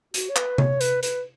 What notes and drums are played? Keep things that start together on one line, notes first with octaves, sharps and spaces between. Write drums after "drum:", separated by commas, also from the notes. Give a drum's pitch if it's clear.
F#4, drum: hi-hat
C#5
B4, drum: clap
C#5, drum: tom C3
B4, drum: hi-hat
B4, drum: hi-hat